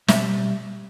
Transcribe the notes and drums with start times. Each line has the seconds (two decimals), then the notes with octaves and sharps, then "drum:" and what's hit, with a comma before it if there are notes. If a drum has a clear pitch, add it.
0.08 B2 G3 E5, drum: snare